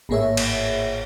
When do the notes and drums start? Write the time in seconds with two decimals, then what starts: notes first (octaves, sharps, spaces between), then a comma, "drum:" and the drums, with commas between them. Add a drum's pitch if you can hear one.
0.09 G#1 A2 A#3 G#4 C#5 E5
0.37 drum: cymbal